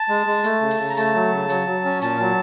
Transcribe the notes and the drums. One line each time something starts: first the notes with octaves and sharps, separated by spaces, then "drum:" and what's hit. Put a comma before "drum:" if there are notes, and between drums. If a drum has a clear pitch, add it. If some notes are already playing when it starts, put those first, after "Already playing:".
Already playing: A5
G#3
G#3
A3, drum: hi-hat
C#3
drum: open hi-hat
C#3
A#5
A3 A5, drum: hi-hat
F#3
C#3
F#3, drum: hi-hat
F#3
C#4
A#2 A5, drum: hi-hat
F#3